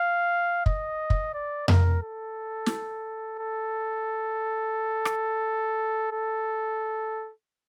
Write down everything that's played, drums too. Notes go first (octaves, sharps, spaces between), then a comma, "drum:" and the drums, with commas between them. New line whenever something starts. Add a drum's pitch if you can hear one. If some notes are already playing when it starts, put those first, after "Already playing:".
Already playing: F5
D#5, drum: kick
drum: kick
D5
A#4, drum: tom F2
A4
drum: snare
A4
drum: rim click
A4